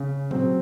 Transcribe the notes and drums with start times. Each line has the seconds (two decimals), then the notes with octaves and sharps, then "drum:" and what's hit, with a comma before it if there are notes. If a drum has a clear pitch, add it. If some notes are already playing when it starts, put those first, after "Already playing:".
Already playing: C#3
0.31 F#3 C4, drum: tom A2